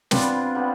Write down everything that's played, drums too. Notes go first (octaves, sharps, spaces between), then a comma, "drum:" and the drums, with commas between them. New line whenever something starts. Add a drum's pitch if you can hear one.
G3 B3 C4 D4 F4, drum: snare
D3 G3 B3